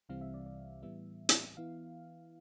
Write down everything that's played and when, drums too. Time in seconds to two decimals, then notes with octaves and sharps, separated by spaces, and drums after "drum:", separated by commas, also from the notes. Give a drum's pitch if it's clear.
0.09 C2 C3 E3 G3 C4 F5
0.21 E5
0.34 D5
0.46 D5
0.83 A2 E3 G3 B3 E5
1.29 drum: hi-hat
1.57 E3 B3 E4 F5